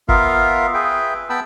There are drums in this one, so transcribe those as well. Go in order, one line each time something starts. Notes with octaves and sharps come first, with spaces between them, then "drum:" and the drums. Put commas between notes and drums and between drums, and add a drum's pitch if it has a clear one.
B3 F4 A#4 E5 F5, drum: kick F#1
G#4 B4 E5 G5
B3 G5 A5 B5 E6